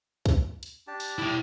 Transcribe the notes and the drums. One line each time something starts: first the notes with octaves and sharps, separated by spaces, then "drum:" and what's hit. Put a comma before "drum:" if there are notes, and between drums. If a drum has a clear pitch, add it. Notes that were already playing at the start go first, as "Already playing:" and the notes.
drum: kick, hi-hat
drum: hi-hat
D4 G4 A5
drum: open hi-hat
E4 G5